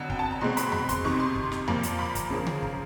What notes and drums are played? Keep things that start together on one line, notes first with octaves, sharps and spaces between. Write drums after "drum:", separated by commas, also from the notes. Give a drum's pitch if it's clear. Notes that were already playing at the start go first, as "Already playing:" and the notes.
Already playing: F2 D3 F#3 B3
G5, drum: kick
A5
A#5
B2 G#3 C4 C6
B5, drum: hi-hat
B5, drum: tom E2
C6, drum: kick, hi-hat
F2 C3 D#3 C#6
C6
drum: kick
drum: snare
A#2 F3 A#3, drum: tom E2
drum: hi-hat
B5
A#5, drum: kick, hi-hat
C#3 F3 A#3
drum: tom C#3
A#5, drum: kick